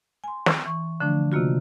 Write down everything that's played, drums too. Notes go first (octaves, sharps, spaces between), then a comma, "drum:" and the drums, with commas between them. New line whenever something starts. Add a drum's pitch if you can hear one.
G#5 C6
drum: snare
E3 C#6
D3 F3 A3 D4
C3 D#3 A#3 F4 F#4